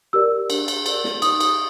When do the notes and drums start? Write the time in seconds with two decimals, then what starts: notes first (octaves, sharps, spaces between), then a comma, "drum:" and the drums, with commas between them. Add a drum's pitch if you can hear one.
0.13 G4 A#4 D5 E6
0.50 D4, drum: cymbal
0.68 drum: cymbal
0.86 G4 A#4 D5, drum: cymbal
1.04 drum: snare
1.22 D#4 D#6, drum: cymbal
1.41 drum: cymbal